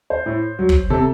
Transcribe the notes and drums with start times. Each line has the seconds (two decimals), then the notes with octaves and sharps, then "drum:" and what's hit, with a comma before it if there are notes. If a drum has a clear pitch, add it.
0.10 C5
0.26 A2
0.59 F#3
0.69 drum: kick
0.90 C3 A4